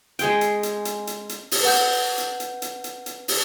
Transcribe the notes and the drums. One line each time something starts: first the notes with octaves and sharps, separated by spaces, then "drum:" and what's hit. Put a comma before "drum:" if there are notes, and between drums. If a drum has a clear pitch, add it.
G#3 G#4 G5, drum: hi-hat
drum: hi-hat
drum: hi-hat
drum: hi-hat
drum: hi-hat
drum: hi-hat
drum: open hi-hat
B4 F#5 G6
drum: hi-hat
drum: hi-hat
drum: hi-hat
drum: hi-hat
drum: hi-hat
drum: hi-hat
drum: open hi-hat